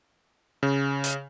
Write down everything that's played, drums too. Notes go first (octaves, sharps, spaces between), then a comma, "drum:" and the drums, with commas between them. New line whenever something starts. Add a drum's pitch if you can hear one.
C#3
drum: hi-hat